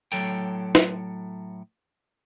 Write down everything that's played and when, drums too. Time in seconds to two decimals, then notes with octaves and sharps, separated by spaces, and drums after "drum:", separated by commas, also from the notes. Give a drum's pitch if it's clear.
0.12 A2 F#3 A4 G5, drum: tambourine
0.75 drum: snare